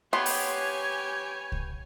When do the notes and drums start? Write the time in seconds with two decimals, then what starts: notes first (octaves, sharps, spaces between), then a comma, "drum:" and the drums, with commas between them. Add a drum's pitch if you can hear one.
0.13 B3 G4 C#5 G#5 C6
0.26 drum: open hi-hat
1.52 drum: kick C2